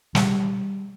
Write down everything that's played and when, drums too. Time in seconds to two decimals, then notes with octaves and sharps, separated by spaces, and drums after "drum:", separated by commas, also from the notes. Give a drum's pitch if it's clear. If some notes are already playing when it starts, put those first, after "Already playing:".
0.15 G3, drum: snare